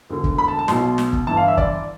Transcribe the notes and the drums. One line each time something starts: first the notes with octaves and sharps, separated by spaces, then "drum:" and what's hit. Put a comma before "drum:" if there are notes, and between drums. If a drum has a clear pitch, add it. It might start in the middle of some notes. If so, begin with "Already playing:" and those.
E1 D2 D3
drum: kick
B5
A5
A5
B1 B2 C6, drum: snare
drum: snare
drum: kick
G1 G2 E3 A5
F5
E5
D5, drum: kick